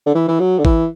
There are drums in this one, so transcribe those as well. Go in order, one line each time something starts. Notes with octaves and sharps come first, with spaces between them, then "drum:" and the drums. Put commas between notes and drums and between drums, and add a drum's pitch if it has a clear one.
D3
E3
E3
F#3
D3
E3, drum: kick G#1